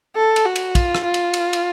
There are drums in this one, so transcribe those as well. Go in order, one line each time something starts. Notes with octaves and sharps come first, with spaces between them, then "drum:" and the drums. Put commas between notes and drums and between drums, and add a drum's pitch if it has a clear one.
A4
drum: cymbal
F#4
drum: cymbal
F4, drum: kick, cymbal
drum: rim click
F4
drum: cymbal
drum: cymbal
drum: cymbal